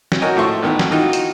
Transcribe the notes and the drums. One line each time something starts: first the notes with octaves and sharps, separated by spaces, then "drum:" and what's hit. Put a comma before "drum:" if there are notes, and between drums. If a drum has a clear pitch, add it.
drum: snare
F#4 A#4 C#5 D#5 G5 G#5
A2 F3 A4 E5 C6 C#6
A1 D#3 B3
drum: snare
D#3 E3 D#4 F4 F#4
drum: hi-hat